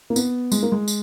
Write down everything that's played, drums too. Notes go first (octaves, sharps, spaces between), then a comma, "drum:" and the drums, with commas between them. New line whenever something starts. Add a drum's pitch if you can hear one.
A#3
B3, drum: tambourine
G#3, drum: tambourine
A#3
G#3
drum: tambourine